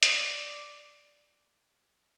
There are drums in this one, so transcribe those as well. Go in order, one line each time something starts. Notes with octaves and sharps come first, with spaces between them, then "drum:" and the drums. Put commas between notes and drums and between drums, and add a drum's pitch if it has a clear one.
D#5, drum: hi-hat
D5